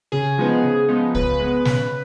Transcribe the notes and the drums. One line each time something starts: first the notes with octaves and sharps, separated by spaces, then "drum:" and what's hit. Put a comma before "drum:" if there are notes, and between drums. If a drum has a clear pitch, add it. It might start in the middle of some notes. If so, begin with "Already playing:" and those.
C#3 G#4
F3 G#3 B3 D#4
C#3
F3 G#3 B3 D#4
C#3 B4, drum: kick C2
G#3 B3
C#3, drum: snare